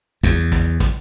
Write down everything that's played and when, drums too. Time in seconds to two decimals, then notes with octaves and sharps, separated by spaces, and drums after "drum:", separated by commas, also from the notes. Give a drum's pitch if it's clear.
0.23 E2, drum: kick, hi-hat
0.52 drum: kick, hi-hat
0.80 drum: kick, hi-hat